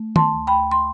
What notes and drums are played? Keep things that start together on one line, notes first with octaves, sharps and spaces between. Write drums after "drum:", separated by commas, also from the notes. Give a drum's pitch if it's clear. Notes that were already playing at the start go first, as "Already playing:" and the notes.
Already playing: A3
A5 C6, drum: tom
D2
G5 B5
C6